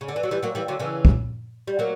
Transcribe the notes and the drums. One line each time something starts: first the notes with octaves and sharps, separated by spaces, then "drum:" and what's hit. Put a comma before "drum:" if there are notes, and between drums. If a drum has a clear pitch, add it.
C#3
D3
E3
F#3
E3 G3
F#3 A#3
E3 G3
D3 F#3
C#3 E3
drum: kick
G3
F#3 A#3